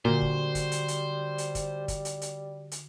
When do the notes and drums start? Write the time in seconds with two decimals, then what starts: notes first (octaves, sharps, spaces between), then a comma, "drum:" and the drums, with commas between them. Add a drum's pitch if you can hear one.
0.05 A#2 D3 G3 F#4 C5
0.22 drum: kick
0.55 drum: kick, hi-hat
0.72 drum: hi-hat
0.88 drum: hi-hat
1.38 drum: hi-hat
1.55 drum: kick, hi-hat
1.88 drum: kick, hi-hat
2.05 drum: hi-hat
2.22 drum: hi-hat
2.72 drum: hi-hat